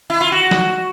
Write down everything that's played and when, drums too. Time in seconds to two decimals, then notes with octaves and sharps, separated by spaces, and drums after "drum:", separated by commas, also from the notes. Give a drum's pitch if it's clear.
0.10 E4
0.21 F4
0.32 F#4
0.51 drum: snare